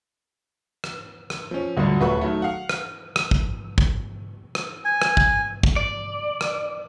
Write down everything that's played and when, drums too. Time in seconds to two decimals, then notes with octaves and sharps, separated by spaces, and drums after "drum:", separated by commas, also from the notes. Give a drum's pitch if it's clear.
0.84 drum: rim click
1.30 drum: rim click
1.51 F3 C#4
1.77 D2 G2 A#2 D3 F#3
2.00 D#1 A3 F#4 B4 B5 C#6
2.21 D#3 F#3 A3
2.42 F5 F#5
2.69 drum: rim click
3.16 drum: rim click
3.31 drum: kick
3.78 drum: kick
4.55 drum: rim click
4.85 G#5
5.02 drum: rim click
5.17 drum: kick
5.63 drum: kick
5.76 D5
6.41 drum: rim click